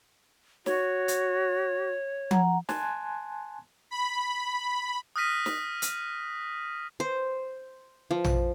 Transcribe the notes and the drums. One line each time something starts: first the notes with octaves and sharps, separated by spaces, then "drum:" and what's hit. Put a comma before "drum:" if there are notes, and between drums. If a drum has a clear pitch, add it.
F#4 C#5, drum: snare
drum: hi-hat
F#5 A#5, drum: tom F3
G#5 A5 C6 F#6 G#6, drum: snare
B5
D#6 F6 F#6 A#6 B6 D#7
drum: snare
drum: hi-hat
C5
F3
drum: tom A#1